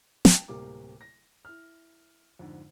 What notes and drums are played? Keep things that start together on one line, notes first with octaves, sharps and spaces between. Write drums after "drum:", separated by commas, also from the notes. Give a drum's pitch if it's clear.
G5 A5, drum: snare
D1 C3 G3 A#3 D6
A#6
E4 F6
F2 G#2 D3